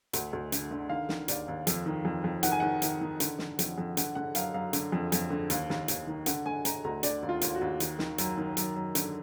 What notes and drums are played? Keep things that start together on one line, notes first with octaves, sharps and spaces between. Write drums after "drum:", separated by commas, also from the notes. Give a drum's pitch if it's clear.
D2, drum: hi-hat
D2
D3, drum: hi-hat
D3
D#3 F5
D#3, drum: snare
D#2 D5, drum: hi-hat
D#2
F2, drum: hi-hat
D#3
F2
F2
D#3 F#5, drum: hi-hat
G#5
D#3 F#5
D#3, drum: hi-hat
D#3
D3, drum: hi-hat
D3, drum: snare
F2, drum: hi-hat
F2
D3 F#5, drum: hi-hat
D3 F#5
F#2 F5, drum: hi-hat
F#2 F5
D3, drum: hi-hat
F2
F2, drum: hi-hat
D3
D#2, drum: hi-hat
D#2, drum: snare
D#2, drum: hi-hat
D#3
D3 F#5, drum: hi-hat
D3 G#5
D3 A#5, drum: hi-hat
D2 A#5
D3 D5, drum: hi-hat
D#2
F4
D#2, drum: hi-hat
F#4
D#2
D#3, drum: hi-hat
D#3, drum: snare
F#2, drum: hi-hat
D#3
F#2, drum: hi-hat
F#2
D3, drum: hi-hat